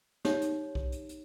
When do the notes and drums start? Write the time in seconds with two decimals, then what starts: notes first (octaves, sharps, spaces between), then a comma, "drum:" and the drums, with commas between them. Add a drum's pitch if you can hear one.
0.25 D#4 G4 C#5, drum: snare
0.42 drum: hi-hat
0.75 drum: kick B1
0.92 drum: hi-hat
1.09 drum: hi-hat